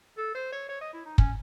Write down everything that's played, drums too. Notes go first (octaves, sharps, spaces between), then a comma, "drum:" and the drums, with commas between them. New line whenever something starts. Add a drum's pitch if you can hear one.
A4
C5
C#5
C#5
D#5
E4
D#4
C#4, drum: kick